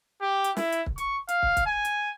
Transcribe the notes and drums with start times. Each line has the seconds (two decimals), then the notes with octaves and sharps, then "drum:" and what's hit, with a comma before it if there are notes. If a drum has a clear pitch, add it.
0.22 G4
0.44 drum: hi-hat
0.57 E4, drum: snare
0.72 drum: hi-hat
0.86 drum: kick
0.98 C#6, drum: hi-hat
1.29 F5, drum: hi-hat
1.43 drum: kick
1.57 drum: kick, hi-hat
1.66 G#5
1.85 drum: hi-hat